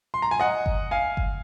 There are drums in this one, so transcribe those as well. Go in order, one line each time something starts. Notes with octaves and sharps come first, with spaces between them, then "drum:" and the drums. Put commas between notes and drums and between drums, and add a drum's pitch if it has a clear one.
C6
A#5
G#5
D#5 F#5
drum: kick G1
F5 G#5
drum: kick G1